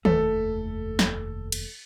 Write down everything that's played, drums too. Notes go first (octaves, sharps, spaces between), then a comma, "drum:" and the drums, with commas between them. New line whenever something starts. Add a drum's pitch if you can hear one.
F1 D#2 A3 A4, drum: tom D#3
drum: snare
drum: cymbal